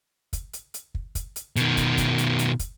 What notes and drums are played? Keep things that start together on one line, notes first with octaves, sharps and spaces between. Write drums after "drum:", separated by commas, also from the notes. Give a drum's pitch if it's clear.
drum: kick, hi-hat
drum: hi-hat
drum: hi-hat
drum: kick
drum: kick, hi-hat
drum: hi-hat
B2 D#3, drum: hi-hat
drum: kick, hi-hat
drum: kick, hi-hat
drum: hi-hat
drum: hi-hat
drum: kick, hi-hat